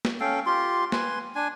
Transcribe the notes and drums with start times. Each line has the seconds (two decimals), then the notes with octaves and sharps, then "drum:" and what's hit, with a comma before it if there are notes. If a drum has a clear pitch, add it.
0.05 drum: snare
0.20 C#4 A4 F5 G5
0.46 F4 G4 C6
0.92 B4 G#5 C6, drum: snare
1.35 D4 G#5